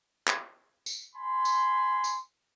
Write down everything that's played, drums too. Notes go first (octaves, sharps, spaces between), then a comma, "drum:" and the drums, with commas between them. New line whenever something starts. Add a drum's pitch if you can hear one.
drum: clap
drum: tambourine
G#5 B5 C6
drum: tambourine
drum: tambourine